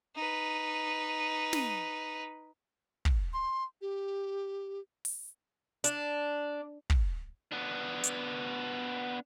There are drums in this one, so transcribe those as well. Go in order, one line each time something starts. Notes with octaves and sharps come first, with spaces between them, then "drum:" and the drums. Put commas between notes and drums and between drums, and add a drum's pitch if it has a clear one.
D#4 B4
drum: snare
drum: kick
C6
G4
drum: open hi-hat
D4, drum: hi-hat
drum: kick
B3 D4
drum: hi-hat